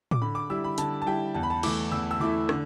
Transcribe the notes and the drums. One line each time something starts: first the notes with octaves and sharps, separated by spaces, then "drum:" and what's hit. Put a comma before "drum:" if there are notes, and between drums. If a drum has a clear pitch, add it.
D6, drum: tom A2
D3 B5
D6
G3 E4 E6
B5
D3 A5, drum: hi-hat
A5
G3 E4 G5
E2 A5
B5
A5
E3 A3 E4 D6, drum: cymbal
E2 E6
E6
E3 A3 E4 D6
D3, drum: rim click